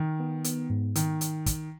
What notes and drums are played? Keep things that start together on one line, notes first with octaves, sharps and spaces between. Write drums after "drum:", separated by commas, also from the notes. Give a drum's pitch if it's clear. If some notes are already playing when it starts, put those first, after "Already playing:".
Already playing: D#3
B3
B3, drum: hi-hat
G#2
D#3, drum: hi-hat
drum: hi-hat
drum: kick, hi-hat